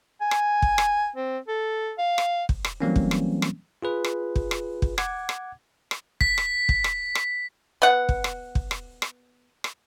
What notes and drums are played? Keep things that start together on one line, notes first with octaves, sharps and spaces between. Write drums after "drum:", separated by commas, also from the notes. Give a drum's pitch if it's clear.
G#5
drum: rim click
drum: kick
drum: rim click
C4
A4
F5
drum: rim click
drum: kick
drum: rim click
E3 F#3 G3 A#3 C4 C#4
drum: kick
drum: rim click
drum: rim click
F4 G#4 B4
drum: rim click
drum: kick
drum: rim click
drum: kick
F#5 D6 G#6, drum: rim click
drum: rim click
drum: rim click
B6, drum: kick
drum: rim click
drum: kick
drum: rim click
drum: rim click
B3 F#5
drum: kick
drum: rim click
drum: kick
drum: rim click
drum: rim click
drum: rim click